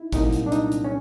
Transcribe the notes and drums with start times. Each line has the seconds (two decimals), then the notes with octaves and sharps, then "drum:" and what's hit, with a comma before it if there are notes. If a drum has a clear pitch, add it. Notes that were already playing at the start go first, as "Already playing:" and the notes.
Already playing: D#4 E4
0.12 C2 A#2 F#3 D#4, drum: kick, hi-hat
0.32 drum: hi-hat
0.46 D4
0.52 D#4, drum: hi-hat
0.72 drum: hi-hat
0.84 C#4